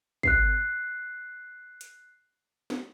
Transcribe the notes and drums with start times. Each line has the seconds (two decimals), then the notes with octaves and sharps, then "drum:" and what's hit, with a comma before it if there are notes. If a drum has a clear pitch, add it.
0.23 F#6 C7, drum: kick
1.81 drum: hi-hat
2.70 drum: snare